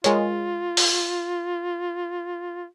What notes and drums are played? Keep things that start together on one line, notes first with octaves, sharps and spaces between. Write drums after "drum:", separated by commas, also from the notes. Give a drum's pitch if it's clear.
G#3 F4 A#4 C#5, drum: hi-hat
drum: open hi-hat